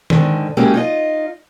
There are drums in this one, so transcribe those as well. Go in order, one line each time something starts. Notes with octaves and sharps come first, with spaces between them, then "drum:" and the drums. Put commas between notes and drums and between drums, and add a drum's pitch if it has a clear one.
G#2 D3 D#3, drum: tom D#3
F#3 G#3 A#3 C#4 E4 G4
D#4 F4 D#5